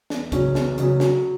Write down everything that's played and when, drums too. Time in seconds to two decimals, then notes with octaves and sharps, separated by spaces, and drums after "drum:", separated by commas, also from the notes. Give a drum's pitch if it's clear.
0.10 E2, drum: snare
0.32 C#3 F#3 C#4 G#4, drum: kick C2, hi-hat
0.55 E2, drum: snare
0.78 C#3 F#3 C#4 G#4, drum: hi-hat
1.00 F#3, drum: snare